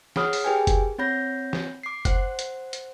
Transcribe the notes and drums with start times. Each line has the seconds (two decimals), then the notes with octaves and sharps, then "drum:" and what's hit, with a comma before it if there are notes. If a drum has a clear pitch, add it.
0.16 G#4 C#5 F#5 B5 D#6 F6, drum: snare
0.33 drum: open hi-hat
0.44 G4 G#4 A#4 B4 G5 G#5
0.67 drum: kick F#1, hi-hat
0.98 C4 C#5 F#5 B5 G6 A#6
1.53 drum: snare
1.83 D6 C7
2.05 C5 F#5 F#6, drum: kick F#1, hi-hat
2.39 drum: hi-hat
2.73 drum: hi-hat